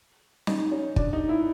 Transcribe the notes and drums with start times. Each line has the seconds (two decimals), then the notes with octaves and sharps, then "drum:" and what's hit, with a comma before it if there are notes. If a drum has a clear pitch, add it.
0.47 D#4, drum: snare
0.71 C#4
0.96 D4, drum: kick
1.13 D#4
1.29 E4